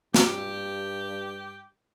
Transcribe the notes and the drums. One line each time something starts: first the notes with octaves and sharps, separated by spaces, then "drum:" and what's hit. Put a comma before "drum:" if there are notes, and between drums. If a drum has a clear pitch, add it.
G2 G4, drum: snare